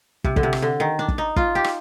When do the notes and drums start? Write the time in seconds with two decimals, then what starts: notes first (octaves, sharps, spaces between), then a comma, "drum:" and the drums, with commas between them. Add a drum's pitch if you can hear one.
0.24 C3, drum: kick
0.36 D3, drum: kick
0.43 C3
0.53 drum: rim click
0.62 D3
0.80 D#3
0.99 D4
1.09 drum: kick
1.18 D#4
1.36 F4, drum: kick
1.55 G4
1.64 drum: rim click